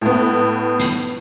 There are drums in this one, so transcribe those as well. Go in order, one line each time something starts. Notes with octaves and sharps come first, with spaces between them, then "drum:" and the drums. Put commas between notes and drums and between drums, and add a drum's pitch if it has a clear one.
A2 B3
drum: hi-hat